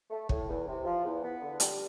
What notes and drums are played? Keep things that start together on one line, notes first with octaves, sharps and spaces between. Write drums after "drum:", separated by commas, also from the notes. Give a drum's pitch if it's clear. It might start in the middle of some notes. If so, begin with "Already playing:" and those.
A3
A2, drum: kick
E2
C3
F3
E2
B3
D3
G3, drum: hi-hat